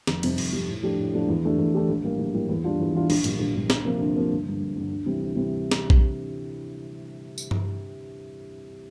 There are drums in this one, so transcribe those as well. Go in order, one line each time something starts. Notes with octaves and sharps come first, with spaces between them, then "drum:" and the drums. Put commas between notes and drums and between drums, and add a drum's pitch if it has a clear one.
F1, drum: snare
F2 C3 G3, drum: cymbal
F1, drum: cymbal
F2 C3 G3
A2
F3 A3 D4 G4
A2
F3 A3 D4 G4
E2
D3 A3 D4 G4
E2
D3 A3 D4 G4
A#1
A2 G3 A#3
A#1
A2 G3 A#3
E2
E3 G3 D4 F4
E2
E3 G3 D4 F4
A#1, drum: cymbal
A#2 G3, drum: hi-hat
A#1
A#2 G3
D2, drum: snare
C3 F3 A#3
D2
C3 F3 A#3
G1
G2 D3
G1
G2 D3
D2
C3 E3 G3
D2
C3 E3 G3
drum: snare
drum: kick A#1
drum: tambourine
drum: tom G2